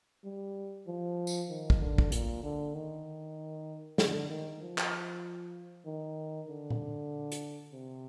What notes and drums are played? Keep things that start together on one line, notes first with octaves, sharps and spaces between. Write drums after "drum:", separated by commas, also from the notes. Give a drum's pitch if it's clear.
G3
F3
drum: tambourine
D#3
drum: kick
D3
drum: kick
A#2, drum: hi-hat
D3
D#3
D3, drum: snare
D#3
F3
drum: clap
D#3
D3
drum: tom A#2
drum: hi-hat
C3